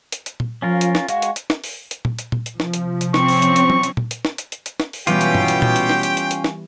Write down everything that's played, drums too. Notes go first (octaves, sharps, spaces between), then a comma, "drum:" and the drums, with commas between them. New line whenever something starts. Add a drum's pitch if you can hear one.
drum: hi-hat
drum: hi-hat
drum: tom A#2
F3 C#4 F4 A#4
drum: hi-hat
drum: snare
G#3 F#4 F5, drum: hi-hat
drum: hi-hat
drum: hi-hat
drum: snare
drum: open hi-hat
drum: hi-hat
drum: tom A#2
drum: hi-hat
drum: tom A#2
drum: hi-hat
C3 F3, drum: snare
drum: hi-hat
drum: hi-hat
C4 C#4 C#6, drum: snare
drum: open hi-hat
drum: hi-hat
drum: hi-hat
drum: tom F#3
drum: hi-hat
drum: tom A#2
drum: hi-hat
drum: snare
drum: hi-hat
drum: hi-hat
drum: hi-hat
drum: snare
drum: open hi-hat
B2 E3 G3 B3 C#4 F4 G4 G5, drum: hi-hat
drum: hi-hat
drum: tom G2
drum: hi-hat
drum: tom A#2
drum: hi-hat
drum: snare
drum: hi-hat
drum: hi-hat
drum: hi-hat
drum: snare